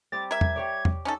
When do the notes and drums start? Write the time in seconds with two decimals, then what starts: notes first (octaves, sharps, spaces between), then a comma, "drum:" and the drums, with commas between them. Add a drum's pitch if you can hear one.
0.12 G3 C4 G4 A6
0.31 A#4 E5 G#6
0.41 drum: tom E2
0.56 G4 C#5 D5
0.85 drum: tom E2
1.05 C#4 D#4 A4